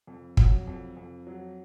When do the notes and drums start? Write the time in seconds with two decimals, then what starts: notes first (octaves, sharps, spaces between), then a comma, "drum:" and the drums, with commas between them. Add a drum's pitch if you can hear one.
0.07 F2
0.37 F#3, drum: kick
0.67 F2
0.97 F2
1.27 F#3